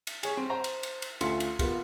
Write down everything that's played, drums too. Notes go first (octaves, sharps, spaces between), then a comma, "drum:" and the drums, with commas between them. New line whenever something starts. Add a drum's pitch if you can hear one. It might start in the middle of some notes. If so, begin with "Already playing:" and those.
drum: cymbal
G#4 C#5, drum: cymbal
C4
C5 A#5
drum: cymbal
drum: cymbal
drum: cymbal
D2 A3 C#4 F4 C6 C#7, drum: cymbal
drum: cymbal
A#3 B3 F4, drum: kick, cymbal